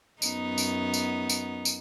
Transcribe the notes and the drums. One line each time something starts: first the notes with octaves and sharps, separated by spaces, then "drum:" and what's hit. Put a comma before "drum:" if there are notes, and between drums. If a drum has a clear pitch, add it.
F#2 B3 D#4, drum: tambourine
drum: tambourine
drum: tambourine
drum: tambourine
drum: tambourine